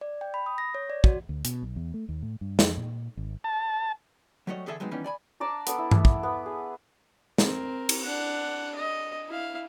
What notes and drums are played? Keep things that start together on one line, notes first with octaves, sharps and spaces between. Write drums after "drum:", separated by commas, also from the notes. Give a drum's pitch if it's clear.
D5
G5
B5
D#6
A#6
C#5
D5
F#4, drum: kick
D2
B2, drum: hi-hat
B1
E2
A3
D#2
A2
G2
F2, drum: snare
A#2
G#1
A5
F#3 G3 A3 F#4 C#5 D#5
D3 E3 G#4 A4 E5 G#5
F#3 G#3 B3 C4 D#4
D#3 E3 G3 B3 C#4 D#4
D5 G#5 B5
D4 D5 A5 A#5
B3 D4 A4, drum: hi-hat
E4
drum: tom G2
drum: kick
B3
G#4
C4 A#4, drum: snare
drum: cymbal
D4 F#5
D#5
E4 F5